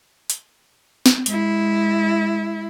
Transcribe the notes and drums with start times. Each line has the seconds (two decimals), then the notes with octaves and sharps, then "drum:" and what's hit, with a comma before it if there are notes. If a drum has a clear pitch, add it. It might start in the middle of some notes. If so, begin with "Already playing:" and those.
0.30 drum: hi-hat
1.06 drum: snare
1.26 G#3 E4, drum: hi-hat